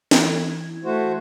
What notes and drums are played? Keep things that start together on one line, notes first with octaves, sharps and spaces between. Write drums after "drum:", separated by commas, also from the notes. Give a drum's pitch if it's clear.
E3 E4 G#6, drum: snare
A3 F#4 C5